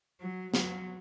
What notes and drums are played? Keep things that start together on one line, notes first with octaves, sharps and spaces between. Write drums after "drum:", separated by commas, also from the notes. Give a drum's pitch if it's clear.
F#3
F#3, drum: snare